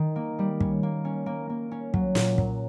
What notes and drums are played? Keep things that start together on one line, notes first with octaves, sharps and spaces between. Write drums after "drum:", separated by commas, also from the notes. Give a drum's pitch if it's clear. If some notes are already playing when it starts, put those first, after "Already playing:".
Already playing: D#3
A#3
G3
C#4, drum: kick
A#3
C#4
A#3
A#3
C#4
F#3, drum: kick
A#2, drum: snare
F#3, drum: kick